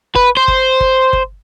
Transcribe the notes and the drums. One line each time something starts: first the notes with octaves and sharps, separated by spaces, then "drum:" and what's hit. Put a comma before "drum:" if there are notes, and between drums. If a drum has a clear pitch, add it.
B4, drum: kick G1
C5
drum: kick G1
drum: kick G1
drum: kick G1